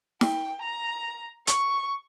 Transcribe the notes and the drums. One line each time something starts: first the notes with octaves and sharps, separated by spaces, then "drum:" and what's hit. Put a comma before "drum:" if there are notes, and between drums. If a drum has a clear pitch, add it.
G5, drum: snare
A#5
C#6, drum: hi-hat